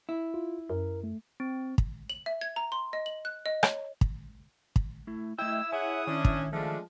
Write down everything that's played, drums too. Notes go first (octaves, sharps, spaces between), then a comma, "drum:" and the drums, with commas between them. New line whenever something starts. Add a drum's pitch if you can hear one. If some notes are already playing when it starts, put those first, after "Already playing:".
E4
F4
F#2 A#4
A3
C4
drum: kick
F#7
E5
G#6
A#5
C6
D#5
F#7
F#6
D#5
C#5, drum: rim click
drum: kick
drum: kick
A3 E4
A3 E4 D#5 G5 E6
G#4 C#5 E5 F#5 G#5 D#6
D#3 C#4 D4
drum: kick
F3 G#3 A3 D4